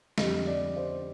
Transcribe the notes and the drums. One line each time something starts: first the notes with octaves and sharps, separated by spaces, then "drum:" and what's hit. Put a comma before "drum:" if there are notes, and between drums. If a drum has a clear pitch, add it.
F2 D3 G3 D#5, drum: snare
D5
C5